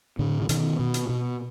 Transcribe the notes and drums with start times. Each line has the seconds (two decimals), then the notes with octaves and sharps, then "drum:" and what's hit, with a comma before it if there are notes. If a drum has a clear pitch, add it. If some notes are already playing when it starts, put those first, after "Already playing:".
0.19 A2 D3
0.42 D3
0.49 B2 D#3, drum: hi-hat
0.79 B2
0.94 drum: hi-hat
1.09 B2